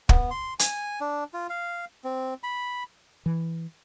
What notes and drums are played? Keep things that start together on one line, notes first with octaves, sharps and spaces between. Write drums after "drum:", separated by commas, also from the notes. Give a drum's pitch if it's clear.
B3, drum: kick
C6
G#5, drum: hi-hat
D4
F4
F5
C4
B5
E3